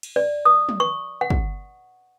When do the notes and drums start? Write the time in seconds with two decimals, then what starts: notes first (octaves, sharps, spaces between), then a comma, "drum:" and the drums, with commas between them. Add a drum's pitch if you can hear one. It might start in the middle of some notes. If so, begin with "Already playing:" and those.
0.03 drum: cymbal
0.16 D5
0.45 D#6
0.69 drum: tom
0.80 C#6
1.21 F#5
1.30 drum: kick